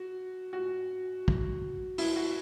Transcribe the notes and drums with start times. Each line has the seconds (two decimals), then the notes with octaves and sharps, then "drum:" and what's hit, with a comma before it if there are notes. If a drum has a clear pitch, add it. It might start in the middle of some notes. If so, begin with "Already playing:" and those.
Already playing: F#4
0.53 F#4
1.28 drum: kick
1.98 E4, drum: open hi-hat
2.16 F#4